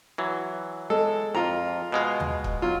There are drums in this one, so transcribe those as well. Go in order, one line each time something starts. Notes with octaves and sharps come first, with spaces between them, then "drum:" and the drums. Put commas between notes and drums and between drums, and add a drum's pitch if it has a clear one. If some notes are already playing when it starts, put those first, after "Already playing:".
E3 F#3
G#3 A4
F2 F4 A#5
B2 G#3 F5
drum: tom D#2
drum: kick
F#3 F4